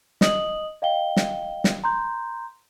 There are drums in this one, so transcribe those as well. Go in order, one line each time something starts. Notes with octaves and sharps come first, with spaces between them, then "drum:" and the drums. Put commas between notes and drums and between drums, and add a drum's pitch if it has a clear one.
D#5 D#6 F#7, drum: snare
D#5 F5 G5 G7
drum: snare
drum: snare
A#5 C6 G6